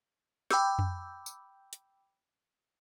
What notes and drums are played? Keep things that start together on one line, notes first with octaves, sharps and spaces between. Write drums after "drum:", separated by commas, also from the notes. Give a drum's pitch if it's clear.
G5 B5 D6 E6 G6, drum: snare
drum: tom F2
drum: tambourine
drum: hi-hat